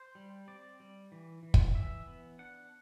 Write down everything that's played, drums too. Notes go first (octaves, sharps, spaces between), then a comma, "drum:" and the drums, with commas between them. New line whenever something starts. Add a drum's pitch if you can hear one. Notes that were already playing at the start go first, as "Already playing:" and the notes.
Already playing: C5
G3
C4 D5
G3
E3
E3
drum: kick
E3 E5
B3
D4 F#5